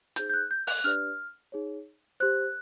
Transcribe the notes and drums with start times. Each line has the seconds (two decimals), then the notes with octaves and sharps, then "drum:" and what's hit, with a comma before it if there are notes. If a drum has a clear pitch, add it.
0.16 D#4 G#4 C5 G6, drum: hi-hat
0.29 G6
0.34 F#6
0.51 G6
0.67 F#6, drum: open hi-hat
0.79 F#6
0.84 D4 G4 B4 D5 F6
1.52 D#4 G#4 C#5
2.20 G4 C5 F#6